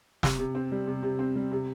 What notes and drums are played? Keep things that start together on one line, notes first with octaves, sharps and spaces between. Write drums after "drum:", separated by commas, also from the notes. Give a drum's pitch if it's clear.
C3, drum: snare
C3
C4
G3
C3
C3
C4
G3
C3